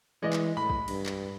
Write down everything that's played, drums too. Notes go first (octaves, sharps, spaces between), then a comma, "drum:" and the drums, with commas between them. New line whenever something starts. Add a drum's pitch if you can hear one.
E3 G#3 D5 D#5
drum: clap
A2 B5
drum: kick
G2, drum: cymbal
drum: clap